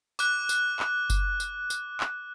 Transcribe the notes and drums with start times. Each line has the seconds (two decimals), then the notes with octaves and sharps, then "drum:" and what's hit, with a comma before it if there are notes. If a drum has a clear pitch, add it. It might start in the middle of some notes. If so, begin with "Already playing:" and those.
0.19 D6 F#6, drum: tambourine
0.49 drum: tambourine
0.79 drum: clap
1.10 drum: kick F#1, tambourine
1.40 drum: tambourine
1.70 drum: tambourine
2.00 drum: clap